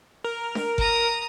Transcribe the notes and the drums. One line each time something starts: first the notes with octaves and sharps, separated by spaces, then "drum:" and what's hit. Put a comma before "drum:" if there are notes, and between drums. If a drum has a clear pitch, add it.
A#4
drum: snare D4
A#5 D#6, drum: kick G1